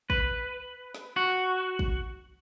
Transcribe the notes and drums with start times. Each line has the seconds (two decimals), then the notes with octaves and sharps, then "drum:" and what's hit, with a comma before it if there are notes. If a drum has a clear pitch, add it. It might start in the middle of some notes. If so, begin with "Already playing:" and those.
0.10 B4, drum: kick
0.95 drum: snare
1.16 F#4
1.79 drum: kick